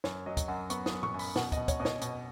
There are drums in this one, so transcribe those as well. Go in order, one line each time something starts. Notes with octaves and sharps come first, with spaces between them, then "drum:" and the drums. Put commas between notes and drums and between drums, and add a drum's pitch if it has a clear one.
F#2 C#5, drum: snare
F#3 D#5
drum: kick, hi-hat
F#2 F#5
B3 C#6, drum: hi-hat
D#6, drum: snare
F#2
C#6, drum: tom A2
F#2
B5, drum: open hi-hat
B2 F#5, drum: snare
D#5, drum: kick, hi-hat
B2
C#5, drum: kick, hi-hat
B2 D#5
C#5, drum: snare
B2, drum: hi-hat